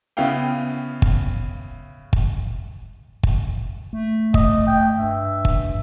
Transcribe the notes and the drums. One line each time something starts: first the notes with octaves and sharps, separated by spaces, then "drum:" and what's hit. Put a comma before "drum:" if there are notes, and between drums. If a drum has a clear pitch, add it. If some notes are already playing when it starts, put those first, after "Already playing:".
C#3 B3 E4 F5 G5
drum: kick
drum: kick
drum: kick
A3
D#5, drum: kick
G5
G2 E5
drum: kick